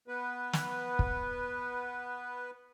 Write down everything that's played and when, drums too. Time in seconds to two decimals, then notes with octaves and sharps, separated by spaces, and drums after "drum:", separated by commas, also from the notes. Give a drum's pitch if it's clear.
0.08 B3 B4
0.53 drum: snare
0.99 drum: kick